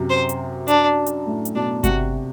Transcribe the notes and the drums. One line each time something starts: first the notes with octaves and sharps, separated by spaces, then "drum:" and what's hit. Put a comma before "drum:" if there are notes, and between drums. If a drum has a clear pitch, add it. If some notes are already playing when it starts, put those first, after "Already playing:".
Already playing: F#2 C3
C5
drum: hi-hat
D4, drum: hi-hat
drum: hi-hat
A2
drum: hi-hat
B2 D4
C3 F#4, drum: kick G1, hi-hat